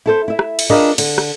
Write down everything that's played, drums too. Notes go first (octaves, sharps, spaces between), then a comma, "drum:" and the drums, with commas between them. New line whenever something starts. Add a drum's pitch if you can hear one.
E4 A4 C5
E4 E5
drum: rim click
drum: cymbal
D4 F4 G#4 A#4 B4 D#5
D3, drum: cymbal
drum: rim click